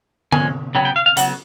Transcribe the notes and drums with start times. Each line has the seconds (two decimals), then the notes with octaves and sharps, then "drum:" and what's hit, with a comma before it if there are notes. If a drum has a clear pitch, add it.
0.32 F3 G#3 C#4 G#5, drum: tom D3
0.75 C#3 F#3 B3 G5
0.85 G5
0.96 F5
1.06 F5
1.17 C#3 F#3 B3 F#5, drum: hi-hat